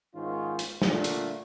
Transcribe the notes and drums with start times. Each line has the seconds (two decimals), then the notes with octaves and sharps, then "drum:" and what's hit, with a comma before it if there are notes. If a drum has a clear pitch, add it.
0.14 G#2 D#3 C#4 F4
0.59 drum: hi-hat
0.82 A#2 D3 A3, drum: snare
1.04 drum: hi-hat